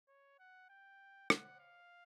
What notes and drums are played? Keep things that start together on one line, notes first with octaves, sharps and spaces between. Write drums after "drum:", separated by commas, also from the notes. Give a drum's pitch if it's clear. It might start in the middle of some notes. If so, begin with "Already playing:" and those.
C#5
F#5
G5
F#5, drum: rim click
F5